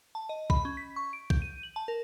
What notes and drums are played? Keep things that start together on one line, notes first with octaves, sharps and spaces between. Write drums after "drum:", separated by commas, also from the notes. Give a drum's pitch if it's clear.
A5
D#5
B5, drum: kick B1
C#4
B6
C#6
D7
G6, drum: kick B1
D#7
F#7
A5
A#4